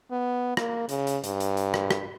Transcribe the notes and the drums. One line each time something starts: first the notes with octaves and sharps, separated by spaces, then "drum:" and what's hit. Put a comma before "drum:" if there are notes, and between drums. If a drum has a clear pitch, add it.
B3
A#3, drum: rim click
C#3, drum: hi-hat
drum: hi-hat
G2, drum: hi-hat
drum: hi-hat
drum: hi-hat
drum: rim click
drum: rim click